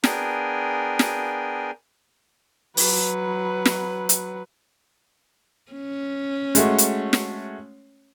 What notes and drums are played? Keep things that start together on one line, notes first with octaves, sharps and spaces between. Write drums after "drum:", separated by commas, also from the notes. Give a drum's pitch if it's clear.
B3 D4 G#4 A#4 G5 G#5, drum: snare
drum: snare
F#3 B4, drum: open hi-hat
drum: snare
drum: hi-hat
C#4
G#3 A3 F#4, drum: hi-hat
drum: hi-hat
drum: snare